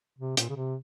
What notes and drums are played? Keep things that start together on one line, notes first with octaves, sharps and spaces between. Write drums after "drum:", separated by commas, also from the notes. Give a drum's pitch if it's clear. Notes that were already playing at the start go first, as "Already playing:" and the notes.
C3
A#2, drum: hi-hat
C#3
C3